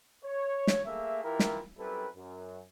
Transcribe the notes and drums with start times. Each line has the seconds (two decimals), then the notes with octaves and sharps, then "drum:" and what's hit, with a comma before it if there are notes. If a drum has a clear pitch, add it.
0.24 C#5
0.67 drum: snare
0.85 A3 A#3 G#4 E5
1.23 E3 E4 F4 G4 A#4
1.39 drum: snare
1.78 F#2 G3 C4 E4 A4 B4
2.16 F#2